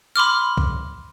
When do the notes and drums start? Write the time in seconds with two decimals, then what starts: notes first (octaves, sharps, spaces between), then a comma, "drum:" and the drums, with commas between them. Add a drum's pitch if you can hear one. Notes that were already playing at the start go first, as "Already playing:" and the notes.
0.16 B5 C6 D6 F6
0.57 drum: kick